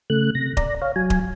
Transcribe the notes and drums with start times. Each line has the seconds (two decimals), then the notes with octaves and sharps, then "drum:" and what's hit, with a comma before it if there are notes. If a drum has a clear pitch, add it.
0.10 C#3 A3 F#6
0.35 C3 A#6
0.57 D5 A#5, drum: kick D#1
0.82 C#5 F5
0.96 F#3 G#5
1.10 drum: kick D#1